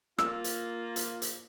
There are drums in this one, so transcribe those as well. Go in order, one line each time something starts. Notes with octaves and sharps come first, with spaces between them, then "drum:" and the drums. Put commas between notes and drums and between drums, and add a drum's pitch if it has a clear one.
A#3 F4 E6, drum: rim click
drum: hi-hat
drum: hi-hat
drum: hi-hat